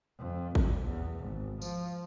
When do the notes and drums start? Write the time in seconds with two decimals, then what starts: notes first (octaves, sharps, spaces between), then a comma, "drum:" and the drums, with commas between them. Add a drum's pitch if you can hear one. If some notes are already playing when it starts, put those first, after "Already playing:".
0.18 F2
0.55 G2, drum: kick A1
0.85 E2
1.19 G#1
1.62 F3, drum: tambourine